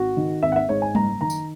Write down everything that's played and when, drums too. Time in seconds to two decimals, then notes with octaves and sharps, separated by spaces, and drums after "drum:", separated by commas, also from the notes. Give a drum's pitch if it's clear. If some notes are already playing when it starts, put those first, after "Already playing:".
Already playing: G#1 F#4
0.17 D#3
0.42 G#1 E5
0.52 F#5
0.56 E5
0.69 G#2 C#5
0.82 G#5
0.95 F#1 A#5, drum: tom G3
1.21 D#3 A#5
1.30 drum: tambourine